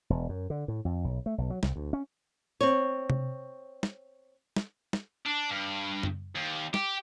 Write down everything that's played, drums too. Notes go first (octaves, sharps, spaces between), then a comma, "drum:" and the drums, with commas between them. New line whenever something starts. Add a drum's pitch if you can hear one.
E1
F#2
D3
A2
F2
B1
A3
B1
F#3
C2, drum: snare
D2
C#4
C4 C#5
drum: tom C3
drum: snare
drum: snare
drum: snare
D4
G2
drum: tom F#2
D#2
G4, drum: snare